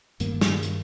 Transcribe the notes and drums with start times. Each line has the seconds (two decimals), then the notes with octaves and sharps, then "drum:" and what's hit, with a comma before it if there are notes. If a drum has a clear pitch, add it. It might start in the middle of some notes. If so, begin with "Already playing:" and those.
0.20 G2 D#3 A#3, drum: hi-hat
0.41 drum: snare
0.63 drum: hi-hat